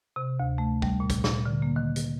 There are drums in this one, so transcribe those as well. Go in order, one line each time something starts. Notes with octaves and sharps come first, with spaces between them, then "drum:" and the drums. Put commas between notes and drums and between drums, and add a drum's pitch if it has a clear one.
C3
D2
A3
G3, drum: kick
A#2
drum: kick, hi-hat
A#2, drum: snare
D3
A#3
D#3
drum: hi-hat